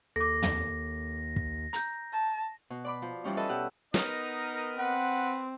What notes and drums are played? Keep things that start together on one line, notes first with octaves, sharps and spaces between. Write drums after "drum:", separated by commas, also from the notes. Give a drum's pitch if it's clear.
D#2 A4 D6 A#6
drum: tom
drum: kick
A#5 G6, drum: hi-hat
A5
B2
D5 B5 D6
F3
E3 F3 G3 C#4 D#4
A4 B4 D#5 E5 A5
B2 G4 F#5 E6
B3 D#4 A#4 D#5, drum: snare
C4 B4 F#5